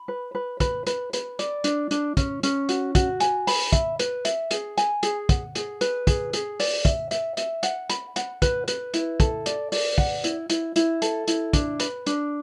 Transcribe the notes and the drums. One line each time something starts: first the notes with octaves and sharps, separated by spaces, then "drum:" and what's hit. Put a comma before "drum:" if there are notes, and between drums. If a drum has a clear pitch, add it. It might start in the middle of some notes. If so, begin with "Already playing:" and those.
Already playing: B5
B4
B4
B4, drum: kick, hi-hat
B4, drum: hi-hat
B4, drum: hi-hat
D5, drum: hi-hat
D4, drum: hi-hat
D4, drum: hi-hat
C#4, drum: kick, hi-hat
C#4, drum: hi-hat
F#4, drum: hi-hat
F#4, drum: kick, hi-hat
G#5, drum: hi-hat
B5, drum: open hi-hat
E5, drum: kick, hi-hat
B4, drum: hi-hat
E5, drum: hi-hat
G#4, drum: hi-hat
G#5, drum: hi-hat
G#4, drum: hi-hat
F#5, drum: kick, hi-hat
G#4, drum: hi-hat
B4, drum: hi-hat
G#4, drum: kick, hi-hat
G#4, drum: hi-hat
D5, drum: open hi-hat
E5, drum: kick, hi-hat
E5, drum: hi-hat
E5, drum: hi-hat
F#5, drum: hi-hat
B5, drum: hi-hat
F#5, drum: hi-hat
B4, drum: kick, hi-hat
B4, drum: hi-hat
E4, drum: hi-hat
A4, drum: kick, hi-hat
D5, drum: hi-hat
D5, drum: open hi-hat
F#5, drum: kick
E4, drum: hi-hat
E4, drum: hi-hat
E4, drum: hi-hat
A4, drum: hi-hat
E4, drum: hi-hat
D4, drum: kick, hi-hat
B4, drum: hi-hat
D4, drum: hi-hat